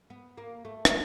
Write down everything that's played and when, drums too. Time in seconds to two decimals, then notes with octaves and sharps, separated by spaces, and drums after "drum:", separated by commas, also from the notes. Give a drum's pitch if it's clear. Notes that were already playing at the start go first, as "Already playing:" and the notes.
0.10 B3
0.38 A#3
0.65 A3
0.85 drum: rim click